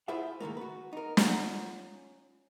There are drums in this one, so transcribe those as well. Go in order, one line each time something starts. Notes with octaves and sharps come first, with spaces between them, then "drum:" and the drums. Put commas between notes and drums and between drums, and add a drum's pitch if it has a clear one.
E4 F4 G#4 C5 E5 F#5
G#2 D#3 A3 A#3
F#4 B4
D#4 A#4
C#4 F4 F5 F#5 G#5 A#5, drum: snare